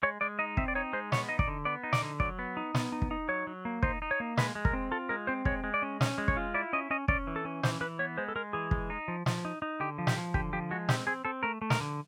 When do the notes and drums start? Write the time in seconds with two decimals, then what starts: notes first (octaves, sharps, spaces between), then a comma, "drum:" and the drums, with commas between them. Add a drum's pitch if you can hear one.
0.03 G#3 C#5
0.21 G#3 D5
0.39 D#4 D#5
0.57 C4 E5, drum: kick
0.68 D5
0.75 D#4 C#5
0.93 G#3 C5
1.12 B3 C#5, drum: snare
1.29 D#4 D#5
1.39 D5, drum: kick
1.48 D3
1.65 B3 D5
1.84 D#4
1.93 D5, drum: snare
2.02 D3
2.20 F#3 D5, drum: kick
2.39 B3
2.57 D#4
2.75 B3, drum: snare
2.92 D#4
3.02 drum: kick
3.11 D#4
3.28 F#3 C#5
3.47 F#3
3.65 A#3
3.83 D#4 C5, drum: kick
4.02 D#4
4.11 C#5
4.20 A#3
4.37 G#3 B4, drum: snare
4.55 G#3
4.65 A#4, drum: kick
4.73 C4
4.91 F4 A4
5.09 G#3 A#4
5.27 C4 C5
5.45 G#3 C#5, drum: kick
5.64 G#3
5.74 D5
5.82 C#4
6.01 C#4, drum: snare
6.18 G#3
6.28 C#5, drum: kick
6.37 F4
6.54 E4 D5
6.73 C#4 D#5
6.91 C#4 D#5
7.08 C#4 D5, drum: kick
7.27 E3
7.36 A4
7.45 C#4
7.63 E3 C5, drum: snare
7.81 E3 B4
7.99 B3 C#5
8.18 G#3 C5
8.29 A4
8.36 G#3 A#4
8.53 E3 G#4
8.71 G#3, drum: kick
8.90 D#4
9.08 F3
9.26 F3, drum: snare
9.45 D#4
9.62 D#4
9.80 D3 G4
9.98 F3
10.07 G4, drum: snare
10.16 F3
10.34 D3 G4, drum: kick
10.53 F3 G4
10.71 G#3 F#4
10.89 C4 G4, drum: snare
11.07 C4 G#4
11.25 C4 A4
11.43 A3 A#4
11.62 A3
11.70 A#4, drum: snare
11.80 D3